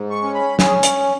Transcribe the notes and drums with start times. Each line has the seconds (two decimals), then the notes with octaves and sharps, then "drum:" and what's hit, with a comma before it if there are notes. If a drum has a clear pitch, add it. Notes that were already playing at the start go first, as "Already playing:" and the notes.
Already playing: G#2
0.10 C#6
0.23 C#4
0.35 B5
0.59 C#4 G#4, drum: snare
0.83 drum: hi-hat